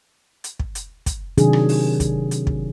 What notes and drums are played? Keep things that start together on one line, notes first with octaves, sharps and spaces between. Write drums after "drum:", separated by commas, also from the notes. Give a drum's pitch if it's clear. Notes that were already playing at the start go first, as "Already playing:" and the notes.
drum: hi-hat
drum: kick
drum: hi-hat
drum: kick, hi-hat
C3 D#3 F#3 D4 G#4, drum: hi-hat
drum: rim click
drum: open hi-hat
drum: kick, hi-hat
drum: hi-hat
drum: kick